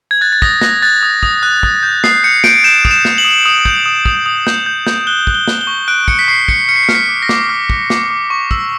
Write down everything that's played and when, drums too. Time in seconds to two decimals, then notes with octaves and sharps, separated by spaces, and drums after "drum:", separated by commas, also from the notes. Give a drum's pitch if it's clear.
0.11 G#6
0.21 F#6 A6
0.33 A6
0.42 D#6 A#6, drum: kick
0.61 F#6 A#6, drum: snare
0.82 F#6 A6
1.03 D#6
1.23 D#6, drum: kick
1.43 F#6
1.63 D#6, drum: kick
1.83 G6
2.04 D#6 C7, drum: snare
2.24 G6 C#7
2.44 G6 D7, drum: snare
2.64 G6 E7
2.85 D#6, drum: kick
2.91 E7
3.05 G6, drum: snare
3.18 F#7
3.25 D#6
3.46 D#6
3.65 G6, drum: kick
3.86 D#6
4.05 D#6, drum: kick
4.26 D#6
4.47 G6, drum: snare
4.66 G6
4.87 G6, drum: snare
5.07 F#6 G7
5.27 F#6, drum: kick
5.34 G7
5.48 F#6, drum: snare
5.61 G7
5.67 C#6
5.88 F#6 D7
6.08 F#6 C#7, drum: kick
6.19 B6
6.28 C#6 C7
6.48 F#6 C#7, drum: kick
6.68 F6 C#7
6.76 C7
6.83 C#7
6.89 F6, drum: snare
6.95 B6
7.09 D6
7.22 A#6
7.29 D6, drum: snare
7.49 F6
7.70 D6, drum: kick
7.90 D6, drum: snare
8.10 D6
8.30 C#6
8.51 E6, drum: kick